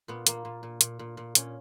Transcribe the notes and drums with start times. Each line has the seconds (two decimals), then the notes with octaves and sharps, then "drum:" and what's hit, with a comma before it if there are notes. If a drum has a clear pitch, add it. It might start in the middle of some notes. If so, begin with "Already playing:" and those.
0.08 A#2 B3
0.27 A#2 A#3, drum: hi-hat
0.45 A#2
0.63 A#2
0.81 A#2, drum: hi-hat
0.99 A#2
1.17 A#2
1.35 A#2 C#4, drum: hi-hat